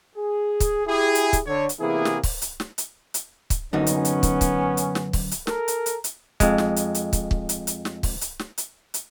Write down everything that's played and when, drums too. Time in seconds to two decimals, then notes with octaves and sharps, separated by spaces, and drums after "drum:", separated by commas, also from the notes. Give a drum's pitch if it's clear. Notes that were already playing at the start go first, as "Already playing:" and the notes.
0.16 G#4
0.60 drum: kick, hi-hat
0.86 E4 G4 G#4
1.15 drum: hi-hat
1.33 drum: kick, hi-hat
1.47 D3 C#5
1.69 drum: hi-hat
1.80 C3 E3 A#3 B3 E4 G#4
2.05 drum: snare
2.23 drum: kick, open hi-hat
2.42 drum: hi-hat
2.60 drum: snare
2.78 drum: hi-hat
3.14 drum: hi-hat
3.50 drum: kick, hi-hat
3.73 F#2 D3 B3 C#4 D#4
3.87 drum: hi-hat
4.05 drum: hi-hat
4.23 drum: kick, hi-hat
4.41 drum: kick, hi-hat
4.77 drum: hi-hat
4.95 drum: snare
5.13 drum: kick, open hi-hat
5.31 drum: hi-hat
5.47 A4 A#4, drum: snare
5.68 drum: hi-hat
5.86 drum: hi-hat
6.04 drum: hi-hat
6.40 F2 G#3, drum: kick, hi-hat
6.58 drum: snare
6.76 drum: hi-hat
6.95 drum: hi-hat
7.13 drum: kick, hi-hat
7.31 drum: kick
7.49 drum: hi-hat
7.67 drum: hi-hat
7.85 drum: snare
8.03 drum: kick, open hi-hat
8.21 drum: hi-hat
8.39 drum: snare
8.58 drum: hi-hat
8.94 drum: hi-hat